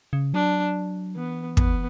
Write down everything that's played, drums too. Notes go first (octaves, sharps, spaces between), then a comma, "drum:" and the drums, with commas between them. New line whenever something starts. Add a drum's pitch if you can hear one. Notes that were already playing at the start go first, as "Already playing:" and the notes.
C#3
F#3 D4
E3 B3
B3, drum: kick